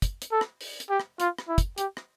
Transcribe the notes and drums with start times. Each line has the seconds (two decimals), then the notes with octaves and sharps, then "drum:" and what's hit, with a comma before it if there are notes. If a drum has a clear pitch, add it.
0.02 drum: kick, hi-hat
0.22 drum: hi-hat
0.32 A4
0.41 drum: rim click
0.61 drum: open hi-hat
0.80 drum: hi-hat
0.90 G4
1.00 drum: rim click
1.20 F4, drum: hi-hat
1.38 drum: rim click
1.48 E4
1.58 drum: kick, hi-hat
1.78 G4, drum: hi-hat
1.97 drum: rim click